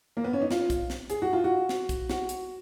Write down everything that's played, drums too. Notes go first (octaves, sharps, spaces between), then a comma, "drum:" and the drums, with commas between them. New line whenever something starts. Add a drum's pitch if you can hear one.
A#3
B3
C#4
D#4
F4, drum: snare
drum: kick, hi-hat
drum: snare
G#4, drum: hi-hat
F#4
F4
F#4
drum: snare
drum: kick, hi-hat
F#4, drum: snare
drum: hi-hat